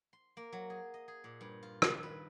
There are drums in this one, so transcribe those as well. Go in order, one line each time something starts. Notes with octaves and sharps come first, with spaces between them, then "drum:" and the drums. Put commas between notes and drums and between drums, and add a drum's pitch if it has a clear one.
C6
A#3
F#3
G#4
D#5
G#4
A#2
G2
F4
D#3, drum: rim click
B4